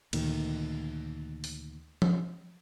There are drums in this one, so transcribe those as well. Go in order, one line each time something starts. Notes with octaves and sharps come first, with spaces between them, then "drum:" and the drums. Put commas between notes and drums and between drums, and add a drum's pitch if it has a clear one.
D2 A#2 D#3, drum: cymbal
drum: open hi-hat
drum: tom F3